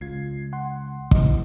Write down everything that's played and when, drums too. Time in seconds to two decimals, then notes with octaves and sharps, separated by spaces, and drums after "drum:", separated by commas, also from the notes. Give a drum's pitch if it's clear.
0.01 C#2 F4 G#6 C7
0.53 F#5 C6
1.11 C3 E3 D#5, drum: kick